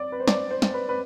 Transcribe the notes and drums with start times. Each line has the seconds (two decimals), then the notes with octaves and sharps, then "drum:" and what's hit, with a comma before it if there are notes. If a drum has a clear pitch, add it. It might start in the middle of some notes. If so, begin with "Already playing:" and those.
Already playing: D5
0.12 B4
0.20 C5
0.28 D5, drum: snare
0.51 C5
0.62 drum: snare
0.74 B4
0.89 B4